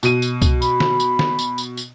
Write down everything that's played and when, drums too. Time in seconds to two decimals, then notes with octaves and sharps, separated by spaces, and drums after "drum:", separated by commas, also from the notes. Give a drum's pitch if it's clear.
0.03 B2 D#7, drum: tambourine
0.22 drum: tambourine
0.42 drum: kick C2, tambourine
0.62 B5, drum: tambourine
0.80 drum: snare
1.00 drum: tambourine
1.19 drum: snare
1.39 drum: tambourine
1.58 drum: tambourine
1.77 drum: tambourine